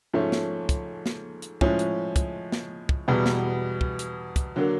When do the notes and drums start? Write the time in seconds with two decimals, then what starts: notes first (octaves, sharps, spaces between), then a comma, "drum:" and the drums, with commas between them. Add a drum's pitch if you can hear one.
0.14 G#2 F3 A3 C#4
0.32 drum: snare
0.69 drum: kick, hi-hat
1.06 drum: snare
1.42 drum: hi-hat
1.61 A2 F3 G#3 C#4, drum: kick
1.79 drum: hi-hat
2.16 drum: kick, hi-hat
2.52 drum: snare
2.89 drum: kick
3.08 E2 B2 G3 B3
3.26 drum: snare
3.81 drum: kick
3.99 drum: hi-hat
4.36 drum: kick, hi-hat
4.56 D3 F#3 A#3